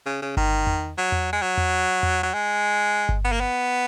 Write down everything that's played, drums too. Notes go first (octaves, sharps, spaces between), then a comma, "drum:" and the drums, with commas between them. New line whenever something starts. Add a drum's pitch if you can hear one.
C#3
C#3
D#3, drum: kick G1
drum: tom E2
F#3
drum: tom E2
G#3
F#3
drum: tom E2
drum: tom E2
F#3
G#3
drum: kick G1
B3
A#3
B3